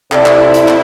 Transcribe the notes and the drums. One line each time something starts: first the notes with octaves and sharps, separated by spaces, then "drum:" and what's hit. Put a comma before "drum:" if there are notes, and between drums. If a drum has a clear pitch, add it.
C3 E4 A4 C5 D5 A5, drum: clap
drum: clap
drum: hi-hat
drum: clap